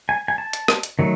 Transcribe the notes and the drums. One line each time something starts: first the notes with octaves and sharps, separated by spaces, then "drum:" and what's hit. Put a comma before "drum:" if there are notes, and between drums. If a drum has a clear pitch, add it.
G#5
G#5
A5
drum: hi-hat
drum: rim click
drum: hi-hat
D#3 F#3 A3